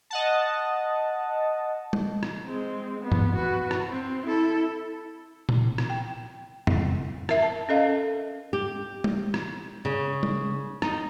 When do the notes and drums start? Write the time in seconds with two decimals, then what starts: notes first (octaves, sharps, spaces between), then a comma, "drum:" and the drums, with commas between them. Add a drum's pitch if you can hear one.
0.10 D#5 F#5 A5
1.93 drum: tom
2.23 drum: rim click
2.45 G#3 C4
3.01 B3
3.12 drum: tom
3.36 F#4 B4
3.71 drum: rim click
3.89 C4
4.27 E4 A4
5.49 drum: tom A#2
5.78 drum: rim click
5.90 G5
6.67 drum: tom
7.29 A#4 E5, drum: rim click
7.42 A5
7.69 C#4 A4 D#5 F5
8.53 G4
9.04 drum: tom
9.34 drum: rim click
9.85 C#3
10.23 drum: tom
10.82 D#4, drum: rim click